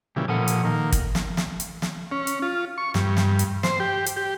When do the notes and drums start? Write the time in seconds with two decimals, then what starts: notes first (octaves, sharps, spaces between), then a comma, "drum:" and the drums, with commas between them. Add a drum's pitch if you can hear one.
0.16 A#2 C#3 E3 G3
0.28 A#2 F3 A4 F#5 D#6
0.48 drum: hi-hat
0.65 D#3 A#3
0.92 drum: kick, hi-hat
1.15 drum: snare
1.37 drum: snare
1.60 drum: hi-hat
1.82 drum: snare
2.11 C#4
2.27 drum: hi-hat
2.42 F4
2.78 C#6
2.94 G2, drum: snare
3.17 drum: snare
3.39 drum: hi-hat
3.63 C5, drum: snare
3.80 G4
4.06 drum: hi-hat
4.17 G4